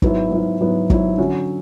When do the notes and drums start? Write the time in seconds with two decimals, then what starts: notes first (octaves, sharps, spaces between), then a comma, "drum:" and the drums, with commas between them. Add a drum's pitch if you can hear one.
0.02 G#2 F#3 B3 E4, drum: kick
0.31 G#2 F#3 B3 E4
0.60 G#2 F#3 B3 E4
0.90 G#2 F#3 B3 E4, drum: kick
1.18 D3 F#3 C#4 F#4